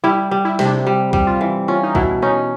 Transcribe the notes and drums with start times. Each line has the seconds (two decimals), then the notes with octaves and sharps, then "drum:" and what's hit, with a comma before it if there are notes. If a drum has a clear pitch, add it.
0.04 G3 E4
0.31 G3
0.45 E4
0.59 C3, drum: snare
0.65 D4
0.87 G3
1.13 G3, drum: kick
1.27 F4
1.41 E3
1.68 C#4 F4
1.83 D#4
1.95 B2 E4, drum: kick
2.22 C#4 D#4